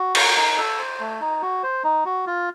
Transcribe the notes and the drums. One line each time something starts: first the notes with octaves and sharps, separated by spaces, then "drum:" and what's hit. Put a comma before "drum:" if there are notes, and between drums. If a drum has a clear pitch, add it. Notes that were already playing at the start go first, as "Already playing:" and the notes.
Already playing: F#4
A#4, drum: cymbal
D#4
A4
C5
A3
D#4
F#4
C5
D#4
F#4
F4